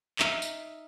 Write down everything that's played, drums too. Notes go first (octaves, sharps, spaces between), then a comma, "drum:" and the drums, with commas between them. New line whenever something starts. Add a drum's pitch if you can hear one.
D#4 E5 F5, drum: clap
drum: tambourine